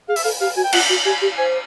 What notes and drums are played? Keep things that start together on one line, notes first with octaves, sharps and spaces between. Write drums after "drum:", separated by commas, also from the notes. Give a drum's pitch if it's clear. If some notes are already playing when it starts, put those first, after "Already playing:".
G#4 F5
E5, drum: open hi-hat
A4 F5
G4 F5
F#4 G#5
G5
F4 F#5, drum: cymbal
F#4
G4 G#5
G4
C5 G#5